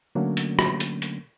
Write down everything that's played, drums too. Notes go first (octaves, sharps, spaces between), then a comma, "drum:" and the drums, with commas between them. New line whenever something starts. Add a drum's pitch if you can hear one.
D3 F#3 A3 A#3 C#4 D4
drum: hi-hat
drum: rim click
drum: hi-hat
drum: hi-hat